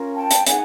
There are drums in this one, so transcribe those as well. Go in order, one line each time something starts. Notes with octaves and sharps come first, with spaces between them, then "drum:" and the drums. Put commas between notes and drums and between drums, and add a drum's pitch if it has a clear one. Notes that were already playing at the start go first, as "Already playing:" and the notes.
Already playing: C#4 F4 A#4
G5 A5
drum: hi-hat
D#4 G#4 F#5 G#5, drum: hi-hat